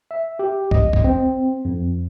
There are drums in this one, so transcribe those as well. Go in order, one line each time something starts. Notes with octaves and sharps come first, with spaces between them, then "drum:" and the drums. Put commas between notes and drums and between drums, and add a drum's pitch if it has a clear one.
E5
G4
D#5, drum: kick
drum: kick
C4
F2